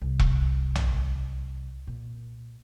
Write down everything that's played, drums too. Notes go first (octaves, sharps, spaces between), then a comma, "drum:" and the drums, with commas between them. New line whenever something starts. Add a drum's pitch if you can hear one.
C2
drum: kick E1
drum: tom A#1
A#2